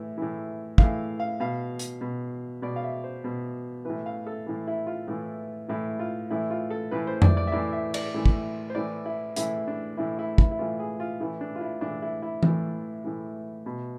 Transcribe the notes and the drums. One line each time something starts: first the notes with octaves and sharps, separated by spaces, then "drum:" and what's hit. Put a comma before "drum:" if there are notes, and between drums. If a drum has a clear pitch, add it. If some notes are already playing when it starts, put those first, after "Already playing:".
Already playing: A2 E3
A2 E3
A2 E3 F5, drum: kick
F5
B2 F5
drum: hi-hat
B2
B2 D5
F5
E5
C5
B2
A2 E3 B4
F5
A4
A2 E3
E4
F4
A2 E3
A2 E3 E4
F4
A2 E3 E4
F4
A4
A2 E3 B4
C5
D5, drum: tom F2
D5
E5
A2 E3 D5
E5
D5, drum: cymbal
A2 E3
drum: kick
C5
A2 E3 D5
E4
A2 E3 E4, drum: hi-hat
D4
A2 E3 E4
E4
E4, drum: kick
E4
A2 E3 F4
G#4
F4
A2 E3 E4
D4
F4
E4
A2 E3 D4
E4
E4
A2 E3, drum: tom E3
A2 E3
B2